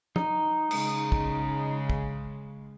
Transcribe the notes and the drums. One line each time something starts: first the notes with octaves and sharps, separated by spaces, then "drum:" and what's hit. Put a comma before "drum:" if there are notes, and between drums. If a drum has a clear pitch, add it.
D#4, drum: tom
C#3 G#3, drum: cymbal
drum: kick
drum: kick